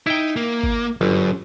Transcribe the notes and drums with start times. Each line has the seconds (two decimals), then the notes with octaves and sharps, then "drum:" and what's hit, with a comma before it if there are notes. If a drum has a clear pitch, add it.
0.06 D#4 E4 G5
0.36 A#3
0.64 drum: kick G#1
1.01 G1 F#2